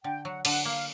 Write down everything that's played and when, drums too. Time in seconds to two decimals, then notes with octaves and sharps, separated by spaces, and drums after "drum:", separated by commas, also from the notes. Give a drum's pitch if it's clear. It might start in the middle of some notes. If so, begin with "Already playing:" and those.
0.04 D3 G5
0.25 F#3 F#5
0.45 D3 F#5, drum: cymbal
0.65 A#3 F5